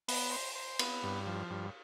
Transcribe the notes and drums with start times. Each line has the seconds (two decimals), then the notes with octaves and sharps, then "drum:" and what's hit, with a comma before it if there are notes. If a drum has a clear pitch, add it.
0.08 B3, drum: open hi-hat
0.31 C5
0.55 C5
0.79 B3, drum: cymbal
1.03 G2
1.27 F3
1.50 G2